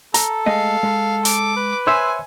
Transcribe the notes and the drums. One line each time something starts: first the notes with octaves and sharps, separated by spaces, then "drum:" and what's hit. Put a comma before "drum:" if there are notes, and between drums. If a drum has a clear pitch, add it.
A4 A#5, drum: hi-hat
G#3 A3 D#5 F5
G#3
D6, drum: hi-hat
B4
C5 C#5 E5 G#5 C6 E6